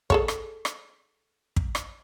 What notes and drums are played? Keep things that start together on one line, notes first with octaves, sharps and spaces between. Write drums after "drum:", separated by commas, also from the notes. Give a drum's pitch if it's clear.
G#4 A4 C#5, drum: kick
drum: rim click
drum: rim click
drum: kick
drum: rim click